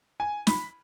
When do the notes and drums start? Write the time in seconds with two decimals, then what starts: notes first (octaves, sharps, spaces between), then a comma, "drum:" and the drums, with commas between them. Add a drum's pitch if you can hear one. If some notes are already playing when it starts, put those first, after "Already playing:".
0.20 G#5
0.47 B5, drum: snare